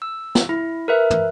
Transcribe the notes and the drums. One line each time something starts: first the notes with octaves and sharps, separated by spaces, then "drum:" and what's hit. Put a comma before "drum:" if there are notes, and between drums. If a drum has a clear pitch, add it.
E6
drum: snare
E4
A#4 B4 E5
drum: tom